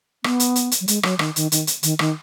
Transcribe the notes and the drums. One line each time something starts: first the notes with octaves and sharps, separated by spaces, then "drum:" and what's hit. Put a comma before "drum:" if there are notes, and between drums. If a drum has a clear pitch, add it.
B3, drum: rim click
drum: hi-hat
drum: hi-hat
drum: hi-hat
F#3
G#3, drum: hi-hat
F#3, drum: rim click
D#3, drum: rim click
D#3, drum: hi-hat
D#3, drum: hi-hat
drum: hi-hat
D#3, drum: hi-hat
D#3, drum: rim click